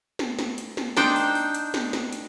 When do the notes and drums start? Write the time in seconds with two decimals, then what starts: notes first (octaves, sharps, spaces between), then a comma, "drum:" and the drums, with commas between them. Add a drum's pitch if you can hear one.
0.19 drum: snare
0.39 drum: snare
0.58 drum: hi-hat
0.77 drum: snare
0.97 D4 D#4 C5 G5, drum: snare
1.16 drum: open hi-hat
1.35 drum: open hi-hat
1.55 drum: hi-hat
1.74 drum: snare
1.93 drum: snare
2.13 drum: hi-hat